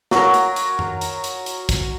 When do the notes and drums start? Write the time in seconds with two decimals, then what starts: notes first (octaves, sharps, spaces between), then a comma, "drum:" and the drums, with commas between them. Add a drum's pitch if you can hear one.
0.11 F#3 A#4, drum: snare
0.34 drum: hi-hat
0.56 drum: hi-hat
0.79 drum: tom
1.01 drum: hi-hat
1.24 drum: hi-hat
1.46 drum: hi-hat
1.69 drum: kick, hi-hat